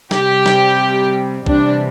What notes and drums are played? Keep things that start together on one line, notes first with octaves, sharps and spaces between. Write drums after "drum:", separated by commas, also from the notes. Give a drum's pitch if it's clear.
C3 G3 G4, drum: snare
drum: snare
C3 E3 G3 D4, drum: kick